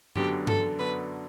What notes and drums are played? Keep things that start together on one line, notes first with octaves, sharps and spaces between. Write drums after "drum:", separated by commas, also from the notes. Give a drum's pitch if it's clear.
F#2 D3 F#3 B3 D4 G4, drum: tom G2
A4, drum: tom G2
F#2 D3 F#3 B3 D4 B4